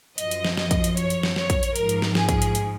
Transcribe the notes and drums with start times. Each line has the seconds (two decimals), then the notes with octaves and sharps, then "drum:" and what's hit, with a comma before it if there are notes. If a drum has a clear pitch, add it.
0.18 F#2 F3 D#5, drum: hi-hat
0.31 drum: hi-hat
0.45 drum: snare
0.57 D#5, drum: snare
0.71 drum: kick, hi-hat
0.84 drum: hi-hat
0.97 C#5, drum: hi-hat
1.10 drum: hi-hat
1.23 drum: snare
1.36 C#5, drum: snare
1.50 drum: kick, hi-hat
1.63 drum: hi-hat
1.76 G#2 F3 A#4, drum: hi-hat
1.89 drum: hi-hat
2.02 drum: snare
2.15 G#4, drum: snare
2.29 drum: kick, hi-hat
2.42 drum: hi-hat
2.55 drum: hi-hat